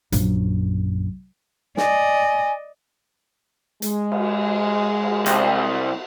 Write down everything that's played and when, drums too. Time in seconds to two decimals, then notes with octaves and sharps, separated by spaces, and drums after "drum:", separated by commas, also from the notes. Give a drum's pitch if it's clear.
0.12 A#1 F#2, drum: hi-hat
1.77 D5 D#5 G#5, drum: snare
3.82 G#3, drum: hi-hat
4.12 drum: cymbal
5.03 drum: cymbal
5.26 C2, drum: hi-hat